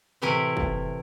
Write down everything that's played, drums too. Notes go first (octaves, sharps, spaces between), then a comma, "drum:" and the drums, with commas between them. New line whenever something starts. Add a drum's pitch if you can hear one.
A2 C3 E3 A3 E4 A#4
drum: kick